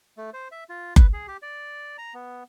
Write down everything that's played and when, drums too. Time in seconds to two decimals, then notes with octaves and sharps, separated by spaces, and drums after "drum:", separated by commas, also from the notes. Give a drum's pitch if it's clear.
0.17 A3
0.33 C5
0.52 E5
0.70 F4
0.96 B4, drum: kick F#1
1.13 G#4
1.28 G4
1.42 D5
1.98 A#5
2.14 B3